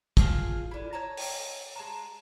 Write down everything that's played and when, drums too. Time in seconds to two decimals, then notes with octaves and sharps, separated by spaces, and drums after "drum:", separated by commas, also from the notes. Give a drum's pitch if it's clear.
0.17 F3 F4 G#4, drum: kick, hi-hat
0.71 D3 E4
0.93 C#5 D#5 A5 A#5
1.17 drum: open hi-hat
1.76 G#3 A5 A#5